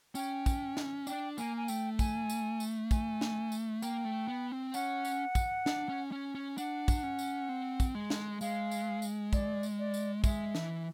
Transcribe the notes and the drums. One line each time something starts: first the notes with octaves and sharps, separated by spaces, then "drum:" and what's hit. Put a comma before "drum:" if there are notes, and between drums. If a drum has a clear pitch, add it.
C#4 G5, drum: tambourine
drum: kick, tambourine
drum: snare
D4 G5, drum: tambourine
A#3 G#5, drum: tambourine
G#5
A3 G5, drum: tambourine
G#5, drum: kick, tambourine
drum: tambourine
drum: tambourine
G#5, drum: kick, tambourine
drum: snare
drum: tambourine
A#3 G5, drum: tambourine
A3
B3
C4
C#4 F#5, drum: tambourine
drum: tambourine
drum: kick, tambourine
D4, drum: snare
C#4
C#4
C#4
D4 F#5, drum: tambourine
drum: kick, tambourine
C#4
drum: tambourine
C4
drum: kick, tambourine
G#3
drum: snare
G#3 F5, drum: tambourine
drum: tambourine
drum: tambourine
D5, drum: kick, tambourine
drum: tambourine
D5
drum: tambourine
G#3 E5, drum: kick, tambourine
E3, drum: snare